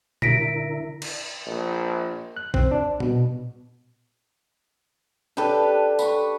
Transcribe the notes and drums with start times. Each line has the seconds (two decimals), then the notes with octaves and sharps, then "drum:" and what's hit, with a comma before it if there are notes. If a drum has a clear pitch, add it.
0.22 D3 E4 A#4 A#6 B6 D7, drum: tom A#2
1.02 drum: cymbal
1.47 A#1
2.37 F#6
2.54 C4, drum: kick
2.71 D4
3.00 B2, drum: tom A#2
5.37 D4 G4 A4 B4
5.99 B5 C#6, drum: tambourine